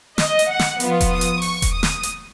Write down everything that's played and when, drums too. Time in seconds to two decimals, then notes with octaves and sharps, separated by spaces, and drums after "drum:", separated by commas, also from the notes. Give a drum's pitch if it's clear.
0.18 D#5, drum: snare
0.39 drum: hi-hat
0.50 F#5
0.59 drum: snare
0.80 F3 B3 F4, drum: hi-hat
1.01 drum: kick E1, hi-hat
1.11 D#6
1.21 drum: hi-hat
1.42 C#6, drum: open hi-hat
1.62 drum: kick E1, hi-hat
1.73 D#6
1.83 drum: snare
2.03 drum: hi-hat